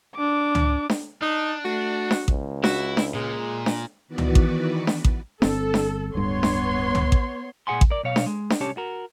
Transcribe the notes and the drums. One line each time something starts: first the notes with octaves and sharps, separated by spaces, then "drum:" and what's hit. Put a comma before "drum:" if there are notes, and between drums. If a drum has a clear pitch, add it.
D4 D6
drum: tom
drum: snare D4
D4 D#4
A3 F#4
drum: snare D4
C#2, drum: kick A1
E4 F#4, drum: snare D4
drum: snare D4
A#2 G#3
drum: snare D4
D#3 E3 B3 F#4 B4 D5
drum: tom
drum: kick A1
drum: snare D4
drum: kick A1
G1 C4 A4, drum: snare D4
drum: snare D4
D1 G2 B3 C#5 C6
drum: snare D4
drum: tom
drum: kick A1
A#2 G#4 F#5 G#5 C6
drum: kick A1
A#4 D5
B1 B2 C#5 F5
drum: snare D4
G#3
drum: snare D4
C2 C#4 G4 C#5 A5
F#4 A#4